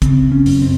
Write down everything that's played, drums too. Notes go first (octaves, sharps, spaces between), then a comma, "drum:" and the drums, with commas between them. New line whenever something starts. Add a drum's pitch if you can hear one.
C#3 C4, drum: kick, hi-hat
C#4
F#2, drum: open hi-hat
C4